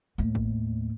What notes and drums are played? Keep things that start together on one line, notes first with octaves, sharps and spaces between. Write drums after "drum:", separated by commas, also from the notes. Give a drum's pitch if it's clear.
D#2 A2
drum: kick A1